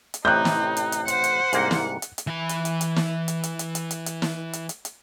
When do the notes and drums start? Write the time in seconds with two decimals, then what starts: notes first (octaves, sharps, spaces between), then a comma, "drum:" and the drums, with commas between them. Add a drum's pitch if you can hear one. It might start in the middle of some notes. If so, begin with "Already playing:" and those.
0.14 drum: hi-hat
0.25 A1 A2 C3 D#4 F#6 G6
0.45 drum: snare
0.77 drum: hi-hat
0.92 drum: hi-hat
1.08 C5 F#5, drum: hi-hat
1.24 drum: hi-hat
1.53 C2 G#2 A#3, drum: hi-hat
1.71 drum: snare
2.02 drum: hi-hat
2.18 drum: hi-hat
2.27 E3 B5
2.49 drum: hi-hat
2.65 drum: hi-hat
2.81 drum: hi-hat
2.96 drum: snare
3.28 drum: hi-hat
3.43 drum: hi-hat
3.59 drum: hi-hat
3.75 drum: hi-hat
3.91 drum: hi-hat
4.06 drum: hi-hat
4.22 drum: snare
4.53 drum: hi-hat
4.69 drum: hi-hat
4.85 drum: hi-hat